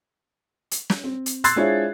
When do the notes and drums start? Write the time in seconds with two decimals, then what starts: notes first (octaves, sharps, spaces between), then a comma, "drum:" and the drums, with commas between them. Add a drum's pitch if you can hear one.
0.71 drum: hi-hat
0.90 drum: snare
1.04 C4
1.26 drum: hi-hat
1.44 C6 E6 F#6 G#6 A6 C7, drum: hi-hat
1.56 G#3 D4 E4 F4 C5 C#5